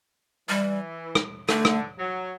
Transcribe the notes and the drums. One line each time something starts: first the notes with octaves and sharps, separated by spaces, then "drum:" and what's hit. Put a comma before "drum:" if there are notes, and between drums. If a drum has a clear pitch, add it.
E3 G3
drum: rim click
D3 A3, drum: rim click
drum: rim click
F#3